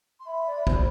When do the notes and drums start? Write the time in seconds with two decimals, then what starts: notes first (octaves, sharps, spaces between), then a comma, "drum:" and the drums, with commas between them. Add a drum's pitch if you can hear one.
0.19 C6
0.26 E5 B5
0.47 D5
0.67 C5, drum: kick